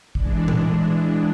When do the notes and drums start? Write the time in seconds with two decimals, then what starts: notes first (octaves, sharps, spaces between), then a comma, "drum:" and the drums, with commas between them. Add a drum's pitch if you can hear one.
0.15 E3 G#3 D4, drum: kick
0.48 drum: tom A#2